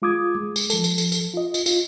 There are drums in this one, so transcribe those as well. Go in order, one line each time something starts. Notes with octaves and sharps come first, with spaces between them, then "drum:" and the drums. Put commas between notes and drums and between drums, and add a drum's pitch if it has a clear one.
G#3 F4 D6 D#6 G#6
G#3
drum: tambourine
F3 A4, drum: tambourine
drum: tambourine
drum: tambourine
drum: tambourine
F4 D#5
drum: tambourine
F4, drum: tambourine